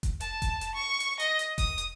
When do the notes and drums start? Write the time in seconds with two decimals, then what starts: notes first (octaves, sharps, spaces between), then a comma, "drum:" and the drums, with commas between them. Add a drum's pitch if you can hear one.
0.03 drum: kick F1, hi-hat
0.20 A5, drum: hi-hat
0.42 drum: kick F1, hi-hat
0.61 drum: hi-hat
0.75 C#6
1.00 drum: hi-hat
1.20 D#5, drum: hi-hat
1.39 drum: hi-hat
1.58 D#6, drum: kick F1, hi-hat
1.78 drum: hi-hat